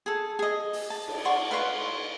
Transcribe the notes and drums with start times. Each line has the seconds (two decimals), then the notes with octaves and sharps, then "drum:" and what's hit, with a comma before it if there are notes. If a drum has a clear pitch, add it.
0.06 G#4 A4
0.39 G#4 D#5
0.73 drum: open hi-hat
0.90 A5
1.08 drum: cymbal
1.25 D5 F#5 C6 C#6
1.51 B4 F5 C6 C#6